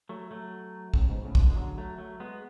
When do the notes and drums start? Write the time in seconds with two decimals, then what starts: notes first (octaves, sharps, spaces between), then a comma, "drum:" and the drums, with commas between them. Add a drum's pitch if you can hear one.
0.09 F#3 A3
0.31 F#3 A3
0.94 A2 C#3, drum: kick
1.09 G#2 B2
1.25 A2 C#3
1.35 F3, drum: kick
1.41 B2 D3
1.52 G#3
1.56 D3 F#3
1.78 F#3 A3
1.98 F#3 A3
2.20 G#3 B3